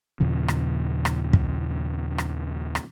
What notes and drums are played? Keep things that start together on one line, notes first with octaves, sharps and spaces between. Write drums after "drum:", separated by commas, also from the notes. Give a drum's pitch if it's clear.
D#2 A#2 C#3 F3
drum: rim click
drum: rim click
drum: kick
drum: rim click
drum: rim click